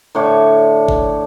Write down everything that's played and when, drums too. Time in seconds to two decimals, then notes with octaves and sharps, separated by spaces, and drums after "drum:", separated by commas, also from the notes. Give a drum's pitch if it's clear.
0.15 A2 D3 C#5 D6
0.88 drum: kick G1